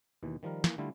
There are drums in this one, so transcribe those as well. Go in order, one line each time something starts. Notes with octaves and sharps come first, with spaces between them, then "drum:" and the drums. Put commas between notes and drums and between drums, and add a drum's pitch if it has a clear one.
D#2 B2 E3
D#3 F3 G3 A#4
E3 A#3 E4 B4, drum: snare
D3 G3 A3 E4 F4